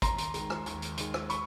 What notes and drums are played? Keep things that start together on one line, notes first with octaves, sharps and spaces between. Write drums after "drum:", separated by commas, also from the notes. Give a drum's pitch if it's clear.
D#2 A#5 C6, drum: kick, hi-hat
drum: hi-hat
D#3 G#3, drum: hi-hat
drum: rim click
D#2, drum: hi-hat
drum: hi-hat
D#3 G#3, drum: hi-hat
drum: rim click
B5 C#6, drum: hi-hat